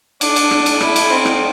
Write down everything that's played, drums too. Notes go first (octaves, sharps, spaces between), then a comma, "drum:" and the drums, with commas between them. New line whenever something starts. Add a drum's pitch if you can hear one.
D4, drum: cymbal
drum: cymbal
drum: rim click
drum: cymbal
E4, drum: rim click
drum: cymbal
C4
drum: rim click